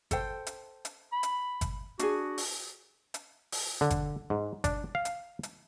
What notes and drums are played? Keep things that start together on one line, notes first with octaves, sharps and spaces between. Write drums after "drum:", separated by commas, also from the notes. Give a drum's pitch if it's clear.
A4 C5 G5, drum: kick G1, hi-hat
drum: hi-hat
drum: hi-hat
B5
drum: hi-hat
drum: kick G1, hi-hat
D4 F#4 G#4, drum: hi-hat
drum: open hi-hat
drum: hi-hat
drum: open hi-hat
D3
drum: kick G1, hi-hat
G#2
D4, drum: kick G1, hi-hat
F5
drum: hi-hat
drum: hi-hat